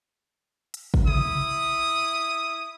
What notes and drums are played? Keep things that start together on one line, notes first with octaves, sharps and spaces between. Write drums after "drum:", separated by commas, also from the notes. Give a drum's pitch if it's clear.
drum: hi-hat
drum: kick
E4 D#6, drum: tom C3